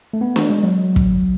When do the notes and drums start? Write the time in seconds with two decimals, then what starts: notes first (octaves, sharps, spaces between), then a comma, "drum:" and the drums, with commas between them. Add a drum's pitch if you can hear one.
0.13 A3
0.21 B3
0.36 A3, drum: snare
0.50 G#3
0.63 F#3
0.96 drum: kick